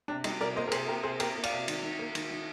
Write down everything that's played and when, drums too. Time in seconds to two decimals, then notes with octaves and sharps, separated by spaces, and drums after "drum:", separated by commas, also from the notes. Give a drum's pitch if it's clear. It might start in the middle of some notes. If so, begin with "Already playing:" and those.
0.08 C3 D4
0.24 G3 D#4, drum: cymbal
0.40 C3 A#4 D5
0.56 A#3 C5 D#5
0.67 A#4
0.72 C3 G#4 C5, drum: cymbal
0.87 A#3 G4 A#4
1.03 C3 G#4 C5
1.20 A#3 G4 A#4, drum: cymbal
1.35 A#3
1.43 D5 F5, drum: cymbal
1.52 C3
1.68 D#3, drum: cymbal
1.83 D#3
1.99 A#3
2.15 D#3, drum: cymbal
2.31 D#3